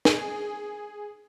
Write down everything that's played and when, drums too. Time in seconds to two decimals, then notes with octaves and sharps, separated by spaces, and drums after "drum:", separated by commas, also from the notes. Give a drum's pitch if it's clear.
0.05 G#4, drum: snare